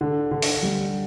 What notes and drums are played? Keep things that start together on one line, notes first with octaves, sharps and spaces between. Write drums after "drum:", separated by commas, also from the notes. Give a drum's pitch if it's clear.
D3
D3
drum: open hi-hat
G3